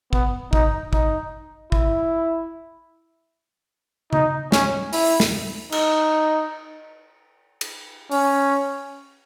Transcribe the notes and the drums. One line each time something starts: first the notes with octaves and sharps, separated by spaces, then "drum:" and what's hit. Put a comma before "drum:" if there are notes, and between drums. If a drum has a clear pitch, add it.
B3, drum: kick
D#4, drum: kick
D#4, drum: kick
E4, drum: kick
D#4, drum: tom C#3
C#4, drum: snare
E4, drum: open hi-hat
drum: snare
D#4, drum: cymbal
drum: cymbal
C#4, drum: open hi-hat